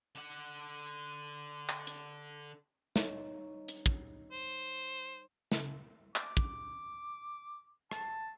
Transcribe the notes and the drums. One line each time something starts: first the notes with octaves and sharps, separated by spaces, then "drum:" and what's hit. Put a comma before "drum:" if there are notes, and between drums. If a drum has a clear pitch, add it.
D3 F#5
drum: clap
drum: hi-hat
G3 D#4 C#5, drum: snare
drum: hi-hat
drum: kick
C5
C#3, drum: snare
D6, drum: clap
drum: kick
A5, drum: rim click